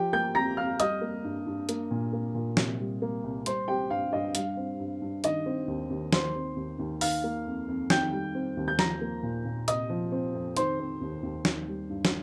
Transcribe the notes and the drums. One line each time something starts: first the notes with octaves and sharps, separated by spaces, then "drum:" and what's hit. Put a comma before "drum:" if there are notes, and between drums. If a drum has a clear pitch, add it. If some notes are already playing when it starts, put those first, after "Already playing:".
Already playing: F3 G4 G5
A#3 G5 G6
F2 A#5 A#6
F2 F5 F6
G3 D#5 D#6, drum: hi-hat
A#3
G2
G2
A#3, drum: hi-hat
A#2
A#3
A#2
C3, drum: snare
G3
A#3
C2
G3 C5 C6, drum: hi-hat
C4 G4 G5
G2 F5
G2 D#5
G3 F5, drum: hi-hat
C4
G2
G2
D#3 D#5, drum: hi-hat
C4
D#2
D#2
D#3 C5 C6, drum: snare
C4
D#2
D#2
D#3 F5 F6, drum: open hi-hat
A#3
F2
F2
D#3 G5 G6, drum: snare
G3
C4
D#2
G6
F3 A#5 A#6, drum: snare
A#3
A#2
A#2
C3 D#5 D#6, drum: hi-hat
F3
C4
F2
D#3 C5 C6, drum: hi-hat
C4
D#2
D#2
D#3, drum: snare
G3
G2
drum: snare